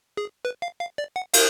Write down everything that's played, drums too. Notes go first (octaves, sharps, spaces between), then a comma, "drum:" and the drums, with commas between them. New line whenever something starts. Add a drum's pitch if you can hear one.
G#4
B4
F5
F5
D5
F#5
F5, drum: cymbal